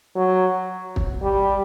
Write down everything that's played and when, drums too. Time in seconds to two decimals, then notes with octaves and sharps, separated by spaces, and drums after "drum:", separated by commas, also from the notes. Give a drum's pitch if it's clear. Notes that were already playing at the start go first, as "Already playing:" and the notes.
0.16 F#3
0.96 drum: kick
1.22 G3